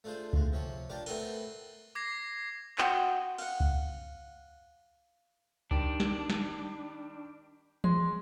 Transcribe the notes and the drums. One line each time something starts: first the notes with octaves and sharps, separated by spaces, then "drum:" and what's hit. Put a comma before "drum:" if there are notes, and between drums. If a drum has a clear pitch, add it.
A3 D4 F4 G#4 C5
D2 G#3, drum: kick C#2
C3 F3 C#5
D4 F4 G4 A#4 D5
A3 B3 C4 A4 A#4, drum: cymbal
D6 G#6 A#6 C7
F#4 D#5 G5 C6, drum: clap
F5 F#5, drum: cymbal
drum: kick C#2
D#3 G3 D4 D7, drum: kick C#2
drum: snare
drum: snare
G#3 C6, drum: tom E3